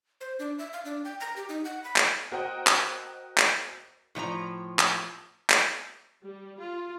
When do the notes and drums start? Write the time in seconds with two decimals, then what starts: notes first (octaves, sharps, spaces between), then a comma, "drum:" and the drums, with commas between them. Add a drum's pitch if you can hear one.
0.21 C5
0.39 D4
0.58 E5
0.73 F5
0.85 D4
1.05 G5
1.20 A#5
1.36 G4
1.49 D#4
1.65 F#5
1.84 B5
1.96 drum: clap
2.32 F#4 A#4 C5 D#5 F#5 G5
2.67 drum: clap
3.38 drum: clap
4.15 A2 F3 D#4 A#5
4.79 drum: clap
5.50 drum: clap
6.24 G3
6.60 F4